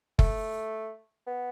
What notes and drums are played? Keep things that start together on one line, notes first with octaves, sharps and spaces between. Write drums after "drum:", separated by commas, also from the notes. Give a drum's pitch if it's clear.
A3, drum: kick F#1
B3